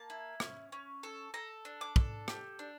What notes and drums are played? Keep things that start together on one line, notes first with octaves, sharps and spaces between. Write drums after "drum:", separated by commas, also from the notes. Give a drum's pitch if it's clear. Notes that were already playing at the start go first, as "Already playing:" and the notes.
Already playing: A#3 A5
E4
C#4, drum: rim click
C#4
A4
A4 A#5
D4
D6
A4, drum: kick
G4, drum: rim click
D4